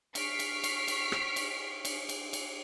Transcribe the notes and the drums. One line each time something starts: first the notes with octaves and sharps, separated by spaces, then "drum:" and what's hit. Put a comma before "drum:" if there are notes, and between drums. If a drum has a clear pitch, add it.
C#6 F6 B6 C7 D7, drum: cymbal
drum: cymbal
drum: cymbal
drum: cymbal
drum: rim click
drum: cymbal
drum: cymbal
drum: cymbal
drum: cymbal